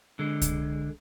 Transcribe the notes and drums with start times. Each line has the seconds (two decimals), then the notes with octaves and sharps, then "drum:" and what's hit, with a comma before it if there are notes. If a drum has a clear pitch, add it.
0.19 D3 G#3
0.42 drum: kick C2, hi-hat